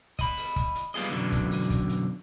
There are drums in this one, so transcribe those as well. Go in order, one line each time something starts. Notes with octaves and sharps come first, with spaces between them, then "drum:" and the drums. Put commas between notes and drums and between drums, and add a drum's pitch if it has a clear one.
D#5 B5, drum: kick, hi-hat
drum: open hi-hat
drum: kick, hi-hat
drum: hi-hat
G3 B3 F4 G#4 D#5
F#2 B2 D3 E3
drum: kick, hi-hat
drum: open hi-hat
drum: kick, hi-hat
drum: hi-hat